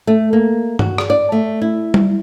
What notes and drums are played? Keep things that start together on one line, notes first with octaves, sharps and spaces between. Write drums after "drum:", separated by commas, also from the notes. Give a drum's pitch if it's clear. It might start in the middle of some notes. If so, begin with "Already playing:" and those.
A3
A#3
F#4, drum: tom G2
drum: rim click
D5
A3
E4
drum: tom G3